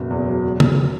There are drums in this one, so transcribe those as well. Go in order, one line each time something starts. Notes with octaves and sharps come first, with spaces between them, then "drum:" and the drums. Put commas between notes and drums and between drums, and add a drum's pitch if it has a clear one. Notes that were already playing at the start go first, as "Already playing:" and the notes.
Already playing: F#1 B2
E2
F#3
E1
C#3, drum: tom